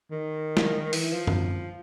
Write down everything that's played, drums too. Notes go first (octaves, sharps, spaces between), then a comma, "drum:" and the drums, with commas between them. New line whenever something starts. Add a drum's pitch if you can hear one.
D#3
drum: snare
E3, drum: open hi-hat
F3
drum: tom F#2